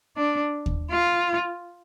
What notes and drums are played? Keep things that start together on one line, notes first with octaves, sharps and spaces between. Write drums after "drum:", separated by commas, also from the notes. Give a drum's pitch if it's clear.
D4
drum: kick D#2
F4